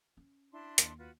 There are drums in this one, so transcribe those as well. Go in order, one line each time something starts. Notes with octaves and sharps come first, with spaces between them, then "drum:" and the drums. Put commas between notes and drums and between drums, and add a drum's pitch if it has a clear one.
C#4
D4 E4 C6
D#2, drum: hi-hat
F4 F#4 B4